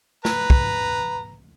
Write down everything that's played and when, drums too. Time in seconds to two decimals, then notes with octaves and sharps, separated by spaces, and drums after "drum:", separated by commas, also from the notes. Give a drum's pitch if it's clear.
0.25 B4 A#5, drum: snare
0.50 drum: kick